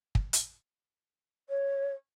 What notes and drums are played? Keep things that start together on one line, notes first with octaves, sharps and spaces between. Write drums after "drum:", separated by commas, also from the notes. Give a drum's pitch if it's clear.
drum: kick
drum: hi-hat
C#5